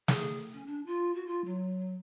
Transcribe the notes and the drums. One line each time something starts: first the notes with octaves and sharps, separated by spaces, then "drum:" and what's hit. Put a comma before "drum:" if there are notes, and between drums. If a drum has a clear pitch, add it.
G#4, drum: snare
C#4
D4
F4
F#4
F4
F#3